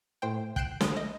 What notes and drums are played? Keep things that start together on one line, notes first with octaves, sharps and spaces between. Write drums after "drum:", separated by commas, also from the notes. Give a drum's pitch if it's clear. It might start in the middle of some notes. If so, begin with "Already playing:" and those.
A2 C5 G5
G5 F#6 G6 C7 D7 E7, drum: kick
D3 D#6, drum: snare
D#5